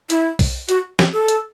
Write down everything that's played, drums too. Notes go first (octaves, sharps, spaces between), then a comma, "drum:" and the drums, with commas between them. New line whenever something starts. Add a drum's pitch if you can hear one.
E4, drum: hi-hat
drum: kick B1, open hi-hat
F#4, drum: hi-hat
G4, drum: snare
A4
drum: hi-hat